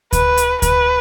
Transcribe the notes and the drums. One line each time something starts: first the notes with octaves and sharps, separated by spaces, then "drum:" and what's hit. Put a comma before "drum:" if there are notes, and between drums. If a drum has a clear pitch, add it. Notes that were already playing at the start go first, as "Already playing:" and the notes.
B4, drum: kick D2, hi-hat
drum: hi-hat
B4, drum: kick D2, hi-hat